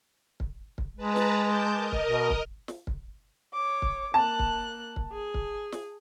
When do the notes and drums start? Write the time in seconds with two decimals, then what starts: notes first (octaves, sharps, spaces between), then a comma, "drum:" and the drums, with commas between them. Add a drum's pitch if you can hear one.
0.40 drum: kick
0.78 drum: kick
0.97 G#3 B4 A5 A#5
1.16 drum: snare
1.43 A5 D6 G6
1.72 A#4 D#5
1.92 drum: kick
2.05 B2
2.30 drum: kick
2.68 drum: snare
2.87 drum: kick
3.53 C#5 D6
3.82 drum: kick
4.14 A#3 A5 F#6
4.39 drum: kick
4.96 drum: kick
5.12 G#4
5.34 drum: kick
5.72 drum: snare